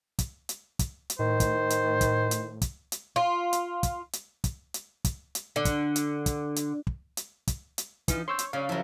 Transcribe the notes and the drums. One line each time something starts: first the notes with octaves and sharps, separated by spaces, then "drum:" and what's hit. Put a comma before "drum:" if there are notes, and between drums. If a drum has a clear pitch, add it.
drum: kick, hi-hat
drum: hi-hat
drum: kick, hi-hat
drum: hi-hat
A2 D#3 C5
drum: kick, hi-hat
drum: hi-hat
drum: kick, hi-hat
drum: hi-hat
drum: kick, hi-hat
drum: hi-hat
F4
drum: hi-hat
drum: kick, hi-hat
drum: hi-hat
drum: kick, hi-hat
drum: hi-hat
drum: kick, hi-hat
drum: hi-hat
D3
drum: kick, hi-hat
drum: hi-hat
drum: kick, hi-hat
drum: hi-hat
drum: kick
drum: hi-hat
drum: kick, hi-hat
drum: hi-hat
E3 F3 D#4, drum: kick, hi-hat
C#5 C6 E6 G6
drum: hi-hat
C#3 F#3 C#4 D5 F5
F3 F#3 E4 A#4